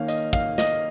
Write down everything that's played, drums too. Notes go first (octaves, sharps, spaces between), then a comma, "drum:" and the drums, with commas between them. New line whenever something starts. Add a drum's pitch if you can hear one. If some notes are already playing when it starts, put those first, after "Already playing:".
Already playing: D#3 A#3 C#4 F5
D#5, drum: hi-hat
F5, drum: kick, hi-hat
D#5, drum: snare